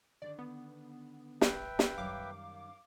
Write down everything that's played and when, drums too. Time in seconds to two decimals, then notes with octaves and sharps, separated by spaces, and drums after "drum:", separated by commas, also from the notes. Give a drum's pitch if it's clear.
0.22 D3 D#3 D5
0.39 B3
1.41 B4 E5 G5, drum: snare
1.79 drum: snare
1.97 F#2 D#3 G3 F5 D6